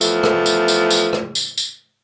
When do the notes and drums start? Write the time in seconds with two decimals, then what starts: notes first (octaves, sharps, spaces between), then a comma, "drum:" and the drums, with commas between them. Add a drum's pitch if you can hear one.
0.01 E2 F3 A3, drum: tambourine
0.23 drum: rim click
0.46 drum: tambourine
0.68 drum: tambourine
0.90 drum: tambourine
1.13 drum: rim click
1.35 drum: tambourine
1.58 drum: tambourine